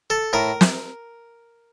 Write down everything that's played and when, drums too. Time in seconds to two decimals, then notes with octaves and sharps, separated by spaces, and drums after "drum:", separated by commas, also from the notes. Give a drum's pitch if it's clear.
0.10 A4
0.33 A2 A#4
0.61 drum: snare